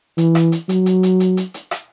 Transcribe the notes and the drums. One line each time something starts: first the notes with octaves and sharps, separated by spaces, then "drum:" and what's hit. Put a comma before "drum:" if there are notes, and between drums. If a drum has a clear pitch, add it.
E3, drum: hi-hat
drum: rim click
drum: hi-hat
F#3, drum: hi-hat
drum: hi-hat
drum: hi-hat
drum: hi-hat
drum: hi-hat
drum: hi-hat
drum: rim click